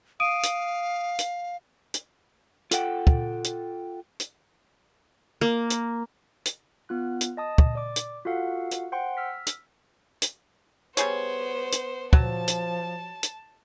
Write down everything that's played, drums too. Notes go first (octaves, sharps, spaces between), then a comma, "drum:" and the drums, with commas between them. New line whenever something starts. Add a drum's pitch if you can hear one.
F5 D#6 D7 D#7
drum: hi-hat
drum: hi-hat
drum: hi-hat
F4 A4 F#5 G5, drum: hi-hat
drum: kick
drum: hi-hat
drum: hi-hat
A#3
drum: hi-hat
drum: hi-hat
B3 F4 F#6
drum: hi-hat
D#5 A5 D#6
drum: kick
D5 D6
drum: hi-hat
F4 F#4 A4 F5 F#5
drum: hi-hat
C5 F#5 G5 C6
E6 F6 B6
drum: hi-hat
drum: hi-hat
G3 B3 G#4 C5 C#5, drum: hi-hat
drum: hi-hat
F3 F#3 A5, drum: kick
drum: hi-hat
drum: hi-hat